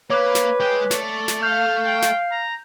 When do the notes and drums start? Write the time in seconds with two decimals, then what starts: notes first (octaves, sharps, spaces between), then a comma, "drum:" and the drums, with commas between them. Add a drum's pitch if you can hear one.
0.10 A#3 B4 C#5 D6
0.35 drum: snare
0.60 G#3 G5
0.91 A3 D5, drum: snare
1.28 drum: snare
1.43 F5 F6 G6
1.86 G5
2.02 drum: snare
2.32 A#5